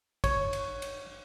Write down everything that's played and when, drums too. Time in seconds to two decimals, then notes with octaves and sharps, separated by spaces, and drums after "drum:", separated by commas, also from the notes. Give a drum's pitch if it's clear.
0.24 C#5, drum: kick, cymbal
0.53 drum: cymbal
0.82 drum: cymbal